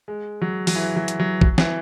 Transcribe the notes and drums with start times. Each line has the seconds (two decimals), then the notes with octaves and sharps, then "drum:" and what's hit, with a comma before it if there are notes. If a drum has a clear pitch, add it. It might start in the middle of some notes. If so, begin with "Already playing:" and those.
0.08 G#3
0.42 F#3
0.67 F#3, drum: open hi-hat
0.75 E3
0.96 F#3
1.08 drum: hi-hat
1.20 F#3
1.41 F#3, drum: kick B1
1.58 E3, drum: snare